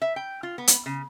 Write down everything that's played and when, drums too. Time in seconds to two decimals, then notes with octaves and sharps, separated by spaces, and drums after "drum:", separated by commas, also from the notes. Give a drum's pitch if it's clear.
0.02 E5
0.16 G5
0.43 F4
0.58 B3
0.67 drum: hi-hat
0.86 C#3